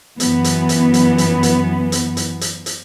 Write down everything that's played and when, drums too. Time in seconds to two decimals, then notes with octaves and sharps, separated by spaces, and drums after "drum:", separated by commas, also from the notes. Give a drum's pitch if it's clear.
0.20 F#2 E3 B3, drum: hi-hat
0.44 drum: hi-hat
0.69 drum: hi-hat
0.94 drum: hi-hat
1.18 drum: hi-hat
1.43 drum: hi-hat
1.92 drum: hi-hat
2.17 drum: hi-hat
2.41 drum: hi-hat
2.66 drum: hi-hat